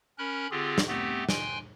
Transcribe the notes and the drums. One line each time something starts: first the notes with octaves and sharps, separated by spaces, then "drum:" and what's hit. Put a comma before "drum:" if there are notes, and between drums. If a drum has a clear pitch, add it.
C#4 A#4 B5 F#6
D3 C4 F4 G4 G#4
drum: snare
A3 B3 C4 G4
G5 G#5 C6 F#6, drum: snare